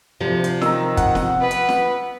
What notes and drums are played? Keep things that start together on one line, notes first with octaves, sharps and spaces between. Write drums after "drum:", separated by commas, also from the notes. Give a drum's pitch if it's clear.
D2 C3 F3
drum: hi-hat
D#3 A#5 E6, drum: snare
F#5, drum: kick, hi-hat
drum: snare
B3 B4
drum: hi-hat
drum: snare